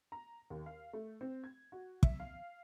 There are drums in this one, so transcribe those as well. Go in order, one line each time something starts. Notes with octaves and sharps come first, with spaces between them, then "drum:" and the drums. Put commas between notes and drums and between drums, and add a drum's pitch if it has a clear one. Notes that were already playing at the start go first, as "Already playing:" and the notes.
A#5
D#2
F5
A3
C4
G#6
F#4
E5, drum: kick
F5